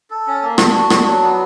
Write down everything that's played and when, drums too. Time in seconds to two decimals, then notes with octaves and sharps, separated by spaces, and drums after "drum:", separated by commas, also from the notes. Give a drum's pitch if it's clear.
0.10 A4
0.27 C#4
0.42 A#3
0.58 D4, drum: rim click
0.74 F#4
0.90 D4, drum: rim click
1.06 F#3
1.23 B3